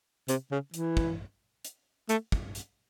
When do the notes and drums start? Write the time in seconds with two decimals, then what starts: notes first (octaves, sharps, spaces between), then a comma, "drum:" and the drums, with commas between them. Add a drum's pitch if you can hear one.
0.28 C3, drum: hi-hat
0.51 C#3
0.74 E3, drum: hi-hat
0.97 drum: kick
1.65 drum: hi-hat
2.09 A3, drum: hi-hat
2.32 drum: kick
2.55 drum: hi-hat